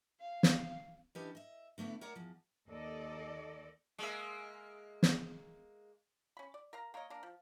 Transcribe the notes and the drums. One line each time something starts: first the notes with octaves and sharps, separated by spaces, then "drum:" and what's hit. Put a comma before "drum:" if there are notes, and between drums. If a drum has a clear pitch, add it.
F5
drum: snare
E3 C#4 D4 G4 B4 D#5
D#5 E5
D3 A3 B3 E4
A#4 C#5 D5 E5 F#5 A#5
E2 F3
D#2 A4 D5 D#5
G#3 A#3 E5
drum: snare
C#4 B5
D5
A#4 F5 A#5
A#3 A#4 C#5 D#5
A#3 D4 A#4
F3